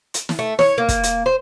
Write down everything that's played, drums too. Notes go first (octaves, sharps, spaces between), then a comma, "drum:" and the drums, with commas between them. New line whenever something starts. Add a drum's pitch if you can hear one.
drum: hi-hat
drum: snare
A3
C#5, drum: snare
A#3
drum: kick, hi-hat
drum: hi-hat
C5